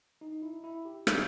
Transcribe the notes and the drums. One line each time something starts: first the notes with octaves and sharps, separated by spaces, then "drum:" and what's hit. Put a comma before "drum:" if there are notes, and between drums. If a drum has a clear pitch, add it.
D#4
E4
E4
G4
G4, drum: rim click